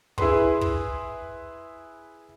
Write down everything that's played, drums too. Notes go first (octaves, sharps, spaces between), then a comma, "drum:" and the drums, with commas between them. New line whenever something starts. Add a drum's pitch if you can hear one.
E4 G#4 B4 C6, drum: kick
drum: kick